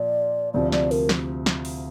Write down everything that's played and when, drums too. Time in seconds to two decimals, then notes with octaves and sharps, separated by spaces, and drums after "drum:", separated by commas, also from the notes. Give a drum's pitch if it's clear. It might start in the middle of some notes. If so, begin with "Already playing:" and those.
Already playing: A#2 F3 D5
0.54 D2 C3 F3 D5
0.72 D5, drum: snare
0.91 A#4, drum: open hi-hat
1.09 drum: snare
1.46 drum: snare
1.65 drum: open hi-hat